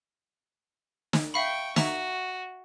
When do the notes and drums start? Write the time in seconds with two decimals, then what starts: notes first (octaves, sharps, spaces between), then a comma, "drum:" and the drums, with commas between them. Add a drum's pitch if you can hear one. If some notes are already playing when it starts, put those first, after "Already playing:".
1.13 drum: snare
1.34 E5 F5 G5 B5 C#6
1.76 F#4 E5 A#5 C#6, drum: snare